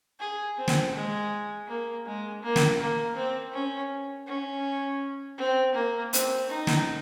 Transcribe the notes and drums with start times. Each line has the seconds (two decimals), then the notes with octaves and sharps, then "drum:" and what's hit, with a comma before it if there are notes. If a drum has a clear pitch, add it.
0.20 G#4
0.58 C4
0.68 drum: snare
0.95 G#3
1.68 A#3
2.06 G#3
2.43 A#3
2.56 drum: snare
2.80 A#3
3.16 C4
3.54 C#4
4.27 C#4
5.38 C4
5.75 A#3
6.13 C4, drum: hi-hat
6.50 D#4
6.67 drum: snare